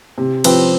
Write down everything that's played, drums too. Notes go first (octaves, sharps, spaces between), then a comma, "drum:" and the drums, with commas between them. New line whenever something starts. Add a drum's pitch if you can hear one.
C3
F3 C4 G4 B4, drum: cymbal